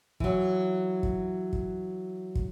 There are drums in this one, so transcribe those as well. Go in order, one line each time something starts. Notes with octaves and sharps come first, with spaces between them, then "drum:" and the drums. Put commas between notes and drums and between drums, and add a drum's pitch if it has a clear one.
E3 F#3, drum: kick
drum: kick
drum: kick
drum: kick